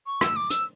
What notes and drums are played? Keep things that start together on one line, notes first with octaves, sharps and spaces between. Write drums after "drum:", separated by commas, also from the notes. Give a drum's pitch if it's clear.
C#6
E6, drum: rim click
D6
E6, drum: hi-hat